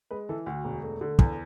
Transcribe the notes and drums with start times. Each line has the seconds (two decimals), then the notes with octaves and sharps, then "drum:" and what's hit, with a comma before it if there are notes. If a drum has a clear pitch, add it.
0.11 G#3 B4
0.29 E3 A4
0.46 D2 F#4
0.65 E1
0.83 A3
1.01 D3
1.19 E2, drum: kick